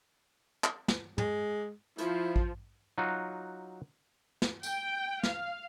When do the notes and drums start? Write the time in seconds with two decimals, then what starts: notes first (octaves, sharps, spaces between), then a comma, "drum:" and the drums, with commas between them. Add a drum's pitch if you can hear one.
0.64 drum: clap
0.88 drum: snare
1.18 G#3, drum: tom
1.98 F3 E4, drum: hi-hat
2.36 drum: kick A1
2.98 F#3 D#4 F4 F#4
4.42 drum: snare
4.63 G5, drum: tambourine
5.23 F5, drum: snare